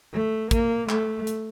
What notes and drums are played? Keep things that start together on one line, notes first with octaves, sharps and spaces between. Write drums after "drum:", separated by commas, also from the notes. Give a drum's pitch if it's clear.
A3
A#3, drum: kick, hi-hat
A3, drum: clap
drum: hi-hat